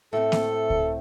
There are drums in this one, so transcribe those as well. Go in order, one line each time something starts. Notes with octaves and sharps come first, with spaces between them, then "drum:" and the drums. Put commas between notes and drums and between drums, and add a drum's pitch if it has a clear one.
A2 A3 C4 A4
drum: snare A#3
drum: kick C#2